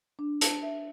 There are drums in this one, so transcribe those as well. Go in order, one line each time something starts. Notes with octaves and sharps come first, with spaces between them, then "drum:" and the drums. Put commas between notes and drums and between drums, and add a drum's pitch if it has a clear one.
D4
A5, drum: hi-hat
E5